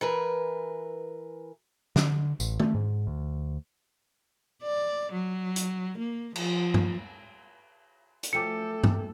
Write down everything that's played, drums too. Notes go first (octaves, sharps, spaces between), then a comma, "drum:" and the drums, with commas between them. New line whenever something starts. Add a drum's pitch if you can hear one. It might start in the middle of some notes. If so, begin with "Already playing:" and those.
E3 A#4 B4
D3, drum: snare
A1, drum: tambourine
A3, drum: tom
G#2
D2
D5
F#3
drum: hi-hat
A#3
F3, drum: cymbal
drum: tom G2
drum: hi-hat
F3 F#3 A3 C#4 A4 G5 D6 C#7
drum: tom G2